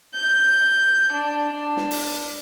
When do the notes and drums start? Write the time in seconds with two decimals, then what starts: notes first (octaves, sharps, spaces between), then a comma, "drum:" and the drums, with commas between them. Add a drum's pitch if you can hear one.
0.15 G6
1.14 D4
1.52 D4
1.77 drum: snare
1.91 drum: open hi-hat